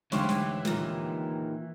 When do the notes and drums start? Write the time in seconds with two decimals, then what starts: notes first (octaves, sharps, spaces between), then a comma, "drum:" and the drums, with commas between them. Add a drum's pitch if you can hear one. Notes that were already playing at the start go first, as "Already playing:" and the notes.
0.12 D2 G#2 E3 G4 C5 C#5 F5, drum: snare
0.29 drum: snare
0.65 A#2 D#3, drum: snare